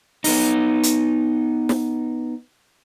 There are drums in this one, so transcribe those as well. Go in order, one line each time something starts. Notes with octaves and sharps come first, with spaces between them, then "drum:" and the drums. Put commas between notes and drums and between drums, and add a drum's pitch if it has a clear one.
B3 D#4, drum: open hi-hat
drum: hi-hat
drum: snare